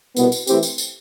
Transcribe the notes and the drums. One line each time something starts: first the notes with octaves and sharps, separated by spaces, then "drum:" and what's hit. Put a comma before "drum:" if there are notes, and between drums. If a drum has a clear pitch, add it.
C2 B2 B3, drum: tambourine
drum: tambourine
E3 A3 C4 E4 G4, drum: tambourine
drum: tambourine
drum: tambourine